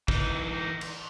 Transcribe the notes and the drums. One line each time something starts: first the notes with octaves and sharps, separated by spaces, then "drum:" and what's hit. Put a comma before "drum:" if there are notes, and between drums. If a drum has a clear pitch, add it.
E3 D#4, drum: kick
drum: cymbal